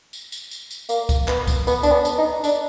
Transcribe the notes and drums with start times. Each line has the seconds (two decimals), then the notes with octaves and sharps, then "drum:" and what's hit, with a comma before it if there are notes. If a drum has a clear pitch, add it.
0.13 drum: tambourine
0.32 drum: tambourine
0.51 drum: tambourine
0.71 drum: tambourine
0.89 A#3, drum: tambourine
1.09 drum: kick C#2, tambourine
1.28 B3, drum: clap
1.47 drum: kick C#2, tambourine
1.67 B3, drum: tambourine
1.83 D4, drum: tambourine
1.92 B3
2.05 drum: tambourine
2.18 D#4
2.44 D4, drum: tambourine